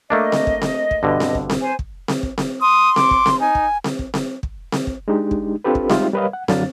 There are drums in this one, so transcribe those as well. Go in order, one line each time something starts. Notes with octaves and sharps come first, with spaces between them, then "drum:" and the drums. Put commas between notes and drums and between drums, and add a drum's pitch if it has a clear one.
A3 A#3 D4 D#5
drum: snare C4
drum: kick
drum: snare C4
drum: kick
G2 B2 D3
drum: snare C4
drum: kick
drum: snare C4
C5 G#5
drum: kick
drum: snare C4
drum: kick
drum: snare C4
C6 D#6
D6, drum: snare C4
drum: kick
drum: snare C4
D#4 G#5
drum: kick
drum: snare C4
drum: kick
drum: snare C4
drum: kick
drum: snare C4
drum: kick
G#3 D4 D#4 G4
drum: kick
C4 D4 F4 G4 A4 B4
drum: kick
G3 G#3 D#4 F4 G4 E5, drum: snare C4
G3 A#4 B4 C#5 D#5 F5
F#5
F#2 D3 F#3 D4 F5 A6, drum: snare C4